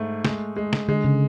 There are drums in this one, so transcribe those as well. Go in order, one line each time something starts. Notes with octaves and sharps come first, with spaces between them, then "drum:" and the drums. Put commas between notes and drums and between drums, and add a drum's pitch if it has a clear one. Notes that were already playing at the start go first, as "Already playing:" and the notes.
Already playing: G#2 A3
G#3, drum: snare
G#3
drum: snare
D3 G#3
C#3